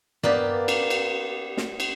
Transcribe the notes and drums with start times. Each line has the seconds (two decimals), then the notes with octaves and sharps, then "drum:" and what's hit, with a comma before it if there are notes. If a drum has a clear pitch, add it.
0.23 A#3 B3 G4 D5, drum: tom G2
0.68 drum: cymbal
0.90 drum: cymbal
1.57 drum: snare
1.80 drum: cymbal